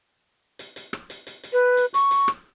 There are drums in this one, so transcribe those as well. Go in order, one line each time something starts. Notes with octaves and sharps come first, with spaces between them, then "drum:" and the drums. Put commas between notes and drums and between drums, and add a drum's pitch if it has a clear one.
drum: hi-hat
drum: hi-hat
drum: rim click
drum: hi-hat
drum: hi-hat
drum: hi-hat
B4
drum: hi-hat
C#6, drum: hi-hat
drum: hi-hat
drum: rim click